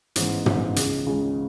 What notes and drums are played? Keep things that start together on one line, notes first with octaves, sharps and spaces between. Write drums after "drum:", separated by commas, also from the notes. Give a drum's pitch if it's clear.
A1 G#2 E3 B3, drum: hi-hat
A1 G#2 E3 B3, drum: tom
C#2 C#3 G#3, drum: hi-hat
C#2 C#3 G#3